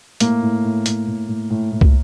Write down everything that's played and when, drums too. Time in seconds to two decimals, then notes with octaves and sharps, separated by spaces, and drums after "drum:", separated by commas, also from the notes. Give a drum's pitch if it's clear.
0.20 A2 A#3, drum: hi-hat
0.42 A2
0.64 A2
0.86 A2, drum: hi-hat
1.07 A2
1.28 A2
1.50 A2
1.72 A2
1.81 drum: kick